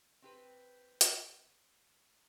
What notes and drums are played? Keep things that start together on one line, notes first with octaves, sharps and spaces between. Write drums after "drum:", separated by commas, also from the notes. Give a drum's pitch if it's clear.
C4 G4 B4
drum: hi-hat